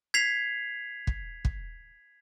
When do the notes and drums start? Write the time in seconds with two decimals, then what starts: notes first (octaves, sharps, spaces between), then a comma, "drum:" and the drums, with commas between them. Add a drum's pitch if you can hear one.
0.14 G#6 B6 C7 F7
1.07 drum: kick
1.45 drum: kick